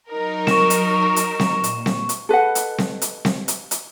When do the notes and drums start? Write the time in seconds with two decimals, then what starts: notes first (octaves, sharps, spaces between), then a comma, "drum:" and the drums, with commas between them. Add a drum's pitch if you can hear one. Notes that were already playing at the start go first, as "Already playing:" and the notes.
0.11 F#3 D#4 A#4
0.47 C#6 E7, drum: snare C4
0.70 drum: hi-hat
1.16 drum: hi-hat
1.40 drum: snare C4
1.64 A#2, drum: hi-hat
1.86 drum: snare C4
2.09 drum: hi-hat
2.29 A4 B4 D#5 F#5
2.55 drum: hi-hat
2.78 drum: snare C4
3.02 drum: hi-hat
3.25 drum: snare C4
3.48 drum: hi-hat
3.71 drum: hi-hat